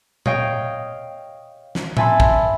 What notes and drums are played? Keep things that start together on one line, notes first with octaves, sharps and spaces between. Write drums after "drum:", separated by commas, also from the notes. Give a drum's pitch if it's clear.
C#5 D#5 F5 G5, drum: tom A#2
drum: snare
E5 G#5 A5 B5 C6, drum: tom A2
drum: kick